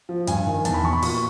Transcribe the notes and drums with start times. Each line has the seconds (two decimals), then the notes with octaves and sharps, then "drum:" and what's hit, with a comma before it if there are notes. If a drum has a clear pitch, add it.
0.09 F3
0.27 G2 G#5, drum: hi-hat
0.46 D#3
0.65 E2 A5, drum: hi-hat
0.74 B5
0.84 B2 C#6
0.93 B5
1.02 A#2 C#6, drum: open hi-hat